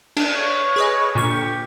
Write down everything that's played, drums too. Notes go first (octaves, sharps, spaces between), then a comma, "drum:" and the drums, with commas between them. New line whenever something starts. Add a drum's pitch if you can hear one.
D4, drum: cymbal
C#5
G#4 B4 D#5
A#2 D3 C#6
G4